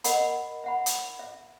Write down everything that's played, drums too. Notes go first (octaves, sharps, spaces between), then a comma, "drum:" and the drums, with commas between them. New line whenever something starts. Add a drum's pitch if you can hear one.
A#4 D#5 F#5 B5, drum: hi-hat
E5 F#5 B5
drum: hi-hat
E5